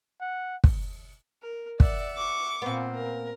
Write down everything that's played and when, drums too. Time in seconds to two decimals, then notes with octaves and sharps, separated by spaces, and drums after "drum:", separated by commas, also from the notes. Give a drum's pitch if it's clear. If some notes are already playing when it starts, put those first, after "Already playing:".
0.21 F#5
0.64 drum: kick
1.42 A#4
1.80 D5 E5 F#5, drum: kick
2.17 C#6 D6
2.62 A#2 B3 C4
2.94 A#4